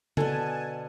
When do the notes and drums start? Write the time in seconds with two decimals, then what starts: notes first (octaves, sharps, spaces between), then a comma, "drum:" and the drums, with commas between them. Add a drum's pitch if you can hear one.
0.17 B2 D3 A4 G#5 A5, drum: tom